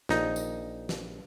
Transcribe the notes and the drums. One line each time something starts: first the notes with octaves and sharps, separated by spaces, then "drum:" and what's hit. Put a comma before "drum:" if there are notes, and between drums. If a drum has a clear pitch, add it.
A#1 D#4, drum: snare
drum: tambourine
drum: snare